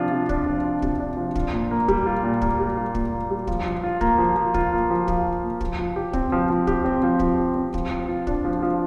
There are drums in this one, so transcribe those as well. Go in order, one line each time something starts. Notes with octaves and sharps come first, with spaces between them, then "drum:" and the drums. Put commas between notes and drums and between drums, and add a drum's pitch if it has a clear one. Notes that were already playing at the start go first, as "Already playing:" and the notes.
Already playing: C3 F3 D4 F4
C3
D4, drum: kick
F3
F4
C3, drum: kick
D4
F3
F4, drum: kick
A#2
A#3
G3, drum: kick
F4
A#2
A#3, drum: kick
G3
F4
A#2, drum: kick
A#3
G3
F3, drum: kick
F3
F4
A#3, drum: kick
F3
F3
F4, drum: kick
A#3
F3
F3, drum: kick
F4
A#3
F3, drum: kick
F3
G4
C4, drum: kick
F3
F3
G4, drum: kick
C4
F3
F3, drum: kick
G4
C4
F3, drum: kick
F3
F4
D4, drum: kick
F3
F3